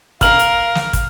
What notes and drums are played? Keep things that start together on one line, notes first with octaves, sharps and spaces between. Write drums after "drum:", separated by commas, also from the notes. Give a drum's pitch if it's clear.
A#4 F5 F6 F#7, drum: kick, hi-hat
drum: hi-hat
drum: snare
drum: kick, hi-hat